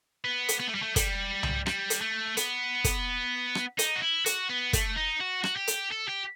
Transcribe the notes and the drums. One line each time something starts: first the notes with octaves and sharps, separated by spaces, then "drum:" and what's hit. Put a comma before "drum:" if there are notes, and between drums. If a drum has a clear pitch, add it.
B3
drum: hi-hat
B3
A3
G3
A3
G3, drum: kick, hi-hat
drum: tom C2
G3, drum: rim click
drum: hi-hat
A3
B3, drum: hi-hat
drum: kick, hi-hat
drum: rim click
D#4, drum: hi-hat
F#4
E4
F#4, drum: hi-hat
B3
A3, drum: kick, hi-hat
D#4
F#4
F#4, drum: rim click
G4
drum: hi-hat
A4
G4